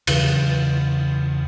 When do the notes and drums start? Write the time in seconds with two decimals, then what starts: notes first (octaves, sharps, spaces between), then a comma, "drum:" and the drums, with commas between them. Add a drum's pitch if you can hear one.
0.07 E2 C#3 E3 F#3, drum: cymbal